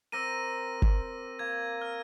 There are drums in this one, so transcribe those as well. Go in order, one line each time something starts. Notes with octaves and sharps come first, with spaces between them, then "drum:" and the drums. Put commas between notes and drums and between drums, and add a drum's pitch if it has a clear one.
C4 G4 A#4 E6 A#6 D#7
drum: kick G1
A#3 G#6
F6